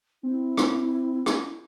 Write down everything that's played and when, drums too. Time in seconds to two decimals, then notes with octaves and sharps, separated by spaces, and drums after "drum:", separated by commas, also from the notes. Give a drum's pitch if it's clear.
0.23 C4 E4
0.57 drum: rim click
1.26 drum: rim click